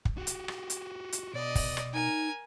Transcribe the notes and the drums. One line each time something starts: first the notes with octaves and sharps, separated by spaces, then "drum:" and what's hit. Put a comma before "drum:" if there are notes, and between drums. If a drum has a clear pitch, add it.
drum: kick
F#4 G4
drum: hi-hat
drum: rim click
drum: hi-hat
drum: hi-hat
B2 D5 D#5
drum: kick, open hi-hat
drum: rim click
D#4 A#4 G#5